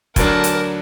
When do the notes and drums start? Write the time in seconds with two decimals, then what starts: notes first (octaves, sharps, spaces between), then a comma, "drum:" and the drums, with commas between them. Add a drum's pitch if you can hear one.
0.16 D2 F#3 D4 A#4 A5, drum: kick F1, hi-hat
0.44 drum: hi-hat